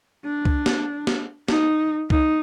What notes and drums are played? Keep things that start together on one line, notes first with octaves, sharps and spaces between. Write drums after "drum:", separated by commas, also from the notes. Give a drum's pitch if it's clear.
D4
drum: kick C2
drum: snare
drum: snare
D#4, drum: snare
D#4, drum: kick C2